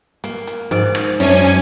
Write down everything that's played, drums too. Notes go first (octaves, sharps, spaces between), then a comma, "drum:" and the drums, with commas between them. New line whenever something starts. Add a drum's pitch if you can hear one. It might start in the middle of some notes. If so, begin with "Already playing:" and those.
A#3, drum: hi-hat
drum: hi-hat
G#2 D5, drum: hi-hat
drum: rim click
F#2 C#4 D4 G#5, drum: hi-hat
drum: hi-hat